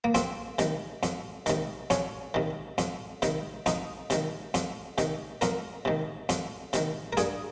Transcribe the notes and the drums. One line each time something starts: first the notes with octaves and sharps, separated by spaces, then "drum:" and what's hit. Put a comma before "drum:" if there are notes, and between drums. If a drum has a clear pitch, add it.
A#3
F2 C4, drum: hi-hat
C3 D#3, drum: hi-hat
F2, drum: hi-hat
C3 D#3, drum: hi-hat
F2 C#4, drum: hi-hat
C3 D#3
F2, drum: hi-hat
C3 D#3, drum: hi-hat
F2 D#4, drum: hi-hat
C3 D#3, drum: hi-hat
F2, drum: hi-hat
C3 D#3, drum: hi-hat
F2 A#4, drum: hi-hat
C3 D#3
F2, drum: hi-hat
C3 D#3, drum: hi-hat
A#4
G2 G#4, drum: hi-hat